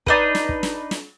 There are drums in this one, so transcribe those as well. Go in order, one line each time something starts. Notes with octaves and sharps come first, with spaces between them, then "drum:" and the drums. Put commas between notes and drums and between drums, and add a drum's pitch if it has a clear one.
D4 D#4 B4, drum: kick
drum: snare
drum: kick
drum: snare
drum: snare